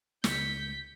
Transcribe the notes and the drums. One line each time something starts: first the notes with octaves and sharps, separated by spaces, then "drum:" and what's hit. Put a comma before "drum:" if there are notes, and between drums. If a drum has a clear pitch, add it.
C#2 G6 B6 C#7, drum: snare